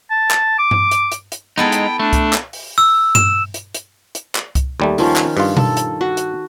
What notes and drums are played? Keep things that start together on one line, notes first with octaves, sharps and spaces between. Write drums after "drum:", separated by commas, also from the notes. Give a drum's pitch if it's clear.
A5
drum: clap
D6
drum: tom G2
drum: hi-hat
drum: hi-hat
drum: hi-hat
G#3 B3 D#4 E4 A4 G5
drum: hi-hat
A3 D4
drum: kick C2, hi-hat
drum: clap
drum: open hi-hat
E6
E7, drum: tom G2
drum: hi-hat
drum: hi-hat
drum: hi-hat
drum: clap
drum: kick C2, hi-hat
D#2 G3 A3
D#3 F3 C#4, drum: open hi-hat
drum: clap
G2 F4, drum: open hi-hat
A4, drum: tom B2
drum: hi-hat
F#4
drum: hi-hat